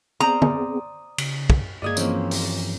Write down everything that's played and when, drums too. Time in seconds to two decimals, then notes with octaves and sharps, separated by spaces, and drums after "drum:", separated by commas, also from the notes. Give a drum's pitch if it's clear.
0.20 B3 C4 G#4 C5 D5 F5 A#5 D#6
0.42 drum: tom
1.18 C#3, drum: cymbal
1.50 drum: kick
1.82 G2 G#3 A#3 G#4 D5 D#6 G#6
1.97 E3 F3 A#3 C4 C#4, drum: tambourine
2.31 drum: open hi-hat